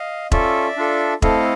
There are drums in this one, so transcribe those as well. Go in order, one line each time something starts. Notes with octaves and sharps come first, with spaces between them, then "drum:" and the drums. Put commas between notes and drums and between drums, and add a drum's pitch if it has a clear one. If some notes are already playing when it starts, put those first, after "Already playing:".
Already playing: D#5 F5
C#4 F4 A4 D5 E5, drum: kick E1
D4 F4 A4
A3 C4 E4 A4 D#5 F5, drum: kick E1